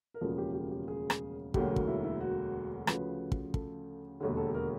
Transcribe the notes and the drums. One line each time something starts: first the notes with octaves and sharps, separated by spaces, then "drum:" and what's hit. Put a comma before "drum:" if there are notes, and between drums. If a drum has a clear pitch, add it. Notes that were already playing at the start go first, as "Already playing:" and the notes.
A#4
E1 D2 C#3 F3 A#3 A4
G#4
G4
G4
G4
G#4
drum: rim click
E1 D2 D3 F#3 A#3 G4, drum: kick
drum: kick
E4
E4
F#4
D2 C#3 F3 B4, drum: rim click
drum: kick
A4, drum: kick
E1 D#2 D3 G#4
A4
A#4